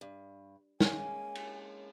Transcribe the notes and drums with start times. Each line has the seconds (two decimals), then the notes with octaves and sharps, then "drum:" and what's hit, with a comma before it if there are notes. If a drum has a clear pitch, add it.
0.01 G2
0.80 G#3 A#3 C#4 G#5, drum: snare
1.35 drum: cymbal